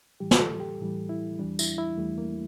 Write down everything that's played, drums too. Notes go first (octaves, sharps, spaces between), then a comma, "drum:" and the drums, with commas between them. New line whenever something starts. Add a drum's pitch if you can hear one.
A2 E3 G3 G4
drum: snare
A4
G4
A2 E3 G3
E4
E2 E3 G3 D4
E4, drum: tambourine
E4
E2 E3 G3 A3
A#3